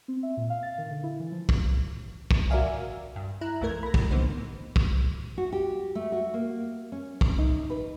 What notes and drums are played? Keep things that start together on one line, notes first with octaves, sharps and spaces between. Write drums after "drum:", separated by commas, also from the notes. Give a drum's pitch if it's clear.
C4
E5
A#2
F5
A6
D#3
D3
E4
E3
F3
drum: kick
drum: kick
F#4 A#4 D5 E5 F5 G#5
G2
E4 A#5 F#6
B1 F2 E3 A3 A#4 G#6
B5 A#6
drum: kick
D3 E3 A#3 B3 D#4 C5
drum: kick
F#4
G4
A3
F#4
A#3
C#4
drum: kick
D#4
B4